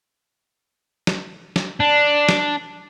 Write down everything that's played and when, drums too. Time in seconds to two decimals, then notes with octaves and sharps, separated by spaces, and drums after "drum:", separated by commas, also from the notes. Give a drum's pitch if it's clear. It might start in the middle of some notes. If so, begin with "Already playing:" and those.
1.07 drum: snare
1.56 drum: snare
1.80 D4
2.29 drum: snare